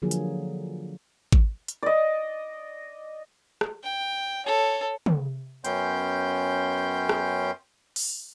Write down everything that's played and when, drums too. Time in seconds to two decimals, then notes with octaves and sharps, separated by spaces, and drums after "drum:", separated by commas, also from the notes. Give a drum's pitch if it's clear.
0.02 D3 F3 F#3 A#3 G#4
0.11 drum: hi-hat
1.32 drum: kick G#1
1.68 drum: hi-hat
1.83 D5 D#5
3.61 drum: rim click
3.83 G5
4.46 A4 C#5
5.06 drum: tom
5.65 F#2 B3 C#4 G5 C6 G6, drum: hi-hat
7.09 drum: rim click
7.96 drum: open hi-hat